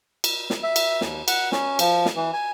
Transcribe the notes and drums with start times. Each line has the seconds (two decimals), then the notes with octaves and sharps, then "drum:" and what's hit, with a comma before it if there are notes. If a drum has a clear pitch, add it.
0.24 drum: cymbal
0.50 drum: snare
0.63 E5
0.76 drum: cymbal
1.01 D#2, drum: snare
1.28 F#5, drum: cymbal
1.52 C#4, drum: snare
1.79 F3, drum: cymbal
2.06 drum: snare
2.16 E3
2.34 G#5